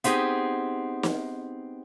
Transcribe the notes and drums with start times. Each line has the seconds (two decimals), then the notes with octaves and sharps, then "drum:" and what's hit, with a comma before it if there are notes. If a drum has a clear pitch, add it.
0.04 B3 C4 D#4 G4 G#4, drum: hi-hat
1.03 drum: snare